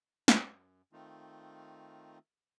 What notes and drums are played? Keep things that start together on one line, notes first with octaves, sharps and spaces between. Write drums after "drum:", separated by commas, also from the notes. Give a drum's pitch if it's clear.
F#2, drum: snare
D#3 A3 C4 D#4 F4